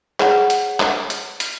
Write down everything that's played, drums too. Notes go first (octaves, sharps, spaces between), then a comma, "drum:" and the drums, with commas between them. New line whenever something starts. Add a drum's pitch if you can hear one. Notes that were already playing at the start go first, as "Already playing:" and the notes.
G#4 C#5 F#5, drum: clap
drum: hi-hat
drum: clap
drum: hi-hat
drum: hi-hat